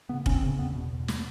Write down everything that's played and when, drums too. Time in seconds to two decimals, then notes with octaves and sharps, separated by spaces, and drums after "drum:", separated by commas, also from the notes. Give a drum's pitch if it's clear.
0.09 C#3 B3
0.26 D2 C#4, drum: kick F1
0.35 C4
0.43 C#3
0.58 E2 B3
0.75 B2
0.92 E2
1.08 B2, drum: snare